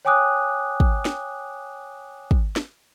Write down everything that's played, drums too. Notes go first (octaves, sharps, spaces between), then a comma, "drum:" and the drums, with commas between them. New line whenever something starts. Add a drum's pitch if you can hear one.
C#5 G5 G#5 D6 D#6 F#6
drum: kick
drum: snare
drum: kick
drum: snare